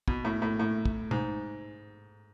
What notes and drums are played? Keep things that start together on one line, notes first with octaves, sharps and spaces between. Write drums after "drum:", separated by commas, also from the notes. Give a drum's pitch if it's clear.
B2, drum: kick
A2
A2
A2
drum: kick
G#2, drum: tom